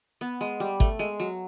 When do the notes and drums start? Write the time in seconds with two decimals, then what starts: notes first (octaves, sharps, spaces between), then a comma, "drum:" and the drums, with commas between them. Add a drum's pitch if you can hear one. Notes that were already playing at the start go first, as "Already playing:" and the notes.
0.21 B3
0.41 G#3
0.60 G3
0.80 A3, drum: kick
0.99 G#3
1.20 F#3